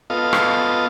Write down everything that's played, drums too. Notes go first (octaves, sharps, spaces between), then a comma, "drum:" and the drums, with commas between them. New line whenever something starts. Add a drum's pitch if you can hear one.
B3 F4 A4 D#5 F5
drum: rim click